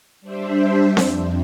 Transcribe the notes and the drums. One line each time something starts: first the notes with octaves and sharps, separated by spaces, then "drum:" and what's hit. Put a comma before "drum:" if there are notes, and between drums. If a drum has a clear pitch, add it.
G3 D4 C5 E5
F2, drum: snare C4